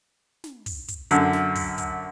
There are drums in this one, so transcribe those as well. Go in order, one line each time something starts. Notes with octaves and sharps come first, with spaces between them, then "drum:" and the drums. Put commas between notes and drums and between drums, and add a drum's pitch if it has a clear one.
drum: snare
drum: kick, open hi-hat
drum: kick, hi-hat
F#2 D3, drum: hi-hat
drum: snare
drum: kick, open hi-hat
drum: kick, hi-hat